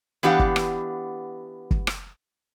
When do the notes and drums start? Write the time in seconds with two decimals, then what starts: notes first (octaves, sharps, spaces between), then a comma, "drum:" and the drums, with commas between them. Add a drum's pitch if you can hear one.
0.23 E3 B3 D4 G4 F5 F#5
0.39 drum: kick
0.56 drum: rim click
1.71 drum: kick
1.87 drum: rim click